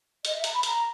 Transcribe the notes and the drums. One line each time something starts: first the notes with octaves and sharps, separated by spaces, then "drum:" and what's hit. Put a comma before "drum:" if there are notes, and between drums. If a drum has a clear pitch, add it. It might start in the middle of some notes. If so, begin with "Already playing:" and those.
D#5, drum: hi-hat
E5
A#5, drum: hi-hat
B5
A#5, drum: hi-hat